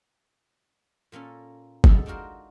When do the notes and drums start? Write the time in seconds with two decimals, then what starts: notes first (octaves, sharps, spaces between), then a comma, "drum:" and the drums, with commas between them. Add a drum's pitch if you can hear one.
1.12 A#2 A#3 C#4 A4
1.84 F#2 G#3 G#4 A4, drum: kick
2.06 D4 D#4 F4 F#4 A#4 C5